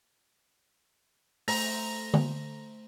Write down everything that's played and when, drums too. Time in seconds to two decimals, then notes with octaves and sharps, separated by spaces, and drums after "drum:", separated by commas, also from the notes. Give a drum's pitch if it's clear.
1.48 A3 C5 A#5, drum: open hi-hat
2.14 drum: tom D3